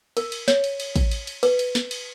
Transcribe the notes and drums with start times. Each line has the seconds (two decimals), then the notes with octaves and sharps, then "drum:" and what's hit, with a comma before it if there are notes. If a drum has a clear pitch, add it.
0.17 A#4, drum: cymbal
0.32 drum: cymbal
0.48 C#5, drum: snare
0.64 drum: cymbal
0.80 drum: cymbal
0.96 drum: kick, cymbal
1.11 drum: cymbal
1.27 drum: cymbal
1.43 B4, drum: cymbal
1.59 drum: cymbal
1.75 drum: snare
1.91 drum: cymbal